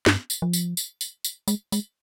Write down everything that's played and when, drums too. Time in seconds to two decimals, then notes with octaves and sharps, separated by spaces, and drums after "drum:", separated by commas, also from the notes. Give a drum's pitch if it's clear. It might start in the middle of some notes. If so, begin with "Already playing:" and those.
0.06 G2, drum: snare
0.30 drum: tambourine
0.42 F3
0.53 drum: tambourine
0.77 drum: tambourine
1.01 drum: tambourine
1.24 drum: tambourine
1.48 G#3, drum: tambourine
1.72 G#3, drum: tambourine